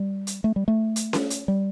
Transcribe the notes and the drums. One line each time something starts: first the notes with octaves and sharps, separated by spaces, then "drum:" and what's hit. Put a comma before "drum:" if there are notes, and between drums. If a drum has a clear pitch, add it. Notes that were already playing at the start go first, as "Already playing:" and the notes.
Already playing: G3
drum: hi-hat
A3
G3
A3
drum: hi-hat
drum: snare C#4
drum: hi-hat
G3